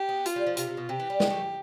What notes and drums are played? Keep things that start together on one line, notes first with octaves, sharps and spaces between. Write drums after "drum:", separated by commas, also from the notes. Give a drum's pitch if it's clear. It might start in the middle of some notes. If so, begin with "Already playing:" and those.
Already playing: G4
B3
F4, drum: hi-hat
G3
F3
C3 F4, drum: hi-hat
C3
B2
C3 G4
E3
G3
B3, drum: snare
A3